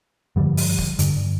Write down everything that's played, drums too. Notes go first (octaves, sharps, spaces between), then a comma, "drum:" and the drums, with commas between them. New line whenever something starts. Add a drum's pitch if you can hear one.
G2 D3 F3 G3
drum: open hi-hat
drum: kick
G2 D3, drum: hi-hat